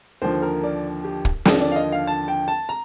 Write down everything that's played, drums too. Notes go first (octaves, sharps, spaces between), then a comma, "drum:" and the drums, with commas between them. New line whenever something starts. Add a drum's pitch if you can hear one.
D#2 D3 F3 C5
A#4
D5
G4
drum: kick
D#2 D3 F3 D5, drum: snare
D5
F5
D#5
F5
A5
G5
A5
A#5